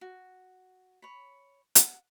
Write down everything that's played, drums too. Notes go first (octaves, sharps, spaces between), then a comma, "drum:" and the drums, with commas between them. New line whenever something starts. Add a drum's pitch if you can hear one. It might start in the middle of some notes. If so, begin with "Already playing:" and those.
F#4
C#5 B5
F#5, drum: hi-hat